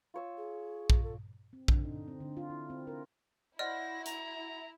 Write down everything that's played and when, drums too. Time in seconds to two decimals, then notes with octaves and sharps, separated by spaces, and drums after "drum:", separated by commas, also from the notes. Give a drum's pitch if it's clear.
0.14 F4 C#5 E6
0.37 G#4
0.90 drum: kick A#1
1.03 A4
1.53 C4
1.68 D3, drum: kick A#1
1.85 D#4
2.08 C4
2.20 D3
2.37 F4
2.50 E4
2.70 C4
2.87 A#4
3.59 E4 F#4 C5 D5 D#5 B5 F6 A#6
4.06 A#5, drum: hi-hat